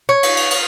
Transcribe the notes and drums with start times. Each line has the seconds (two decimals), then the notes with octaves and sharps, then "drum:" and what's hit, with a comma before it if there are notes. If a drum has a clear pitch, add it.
0.09 C#5
0.23 drum: cymbal
0.37 drum: cymbal
0.51 drum: cymbal